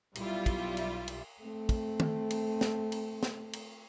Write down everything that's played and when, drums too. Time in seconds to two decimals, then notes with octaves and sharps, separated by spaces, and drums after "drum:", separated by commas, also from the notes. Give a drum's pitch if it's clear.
0.15 B1 G3 E4 F4, drum: cymbal
0.46 drum: kick, cymbal
0.77 drum: cymbal
1.08 drum: cymbal
1.42 A3 C4
1.69 drum: kick, cymbal
2.00 drum: tom
2.30 drum: cymbal
2.61 drum: snare
2.92 drum: cymbal
3.23 drum: snare
3.53 drum: cymbal